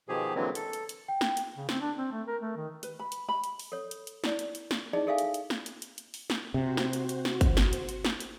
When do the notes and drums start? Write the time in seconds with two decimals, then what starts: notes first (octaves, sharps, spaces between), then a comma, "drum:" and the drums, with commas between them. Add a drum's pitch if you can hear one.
0.09 B2 D#3 F3 G4 G#4
0.35 D3 E3 F#3 G#3 A#3 C4
0.55 A4, drum: hi-hat
0.73 drum: hi-hat
0.89 drum: hi-hat
1.08 G5
1.21 drum: snare
1.37 drum: hi-hat
1.56 C#3
1.69 C4, drum: snare
1.81 D4
1.97 C4
2.12 A3
2.27 A#4
2.42 A3
2.56 D#3
2.83 B4, drum: hi-hat
2.99 B5
3.12 drum: hi-hat
3.29 B5
3.44 drum: hi-hat
3.59 drum: open hi-hat
3.72 A4 C#5
3.91 drum: hi-hat
4.07 drum: hi-hat
4.24 E4 D5, drum: snare
4.39 drum: hi-hat
4.55 drum: hi-hat
4.71 drum: snare
4.93 D#4 E4 G#4 D5 D#5 A5
5.07 G#4 A4 E5 F5 G#5
5.18 drum: hi-hat
5.34 drum: hi-hat
5.50 drum: snare
5.66 drum: hi-hat
5.82 drum: hi-hat
5.98 drum: hi-hat
6.14 drum: open hi-hat
6.30 drum: snare
6.54 C3 F#4 C5
6.77 drum: snare
6.93 drum: hi-hat
7.09 drum: hi-hat
7.25 drum: snare
7.41 drum: kick, hi-hat
7.57 drum: snare
7.73 drum: hi-hat
7.89 drum: hi-hat
8.05 drum: snare
8.20 drum: hi-hat